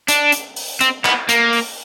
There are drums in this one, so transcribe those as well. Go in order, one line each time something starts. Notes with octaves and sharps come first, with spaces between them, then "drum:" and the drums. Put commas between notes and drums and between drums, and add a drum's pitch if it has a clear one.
D4, drum: hi-hat
drum: hi-hat
drum: open hi-hat
C4, drum: hi-hat
B3, drum: clap
A#3, drum: hi-hat
drum: open hi-hat